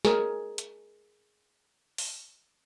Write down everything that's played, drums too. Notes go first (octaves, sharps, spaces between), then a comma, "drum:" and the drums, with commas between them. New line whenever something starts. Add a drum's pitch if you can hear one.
G#4 A#4, drum: snare
drum: hi-hat
drum: open hi-hat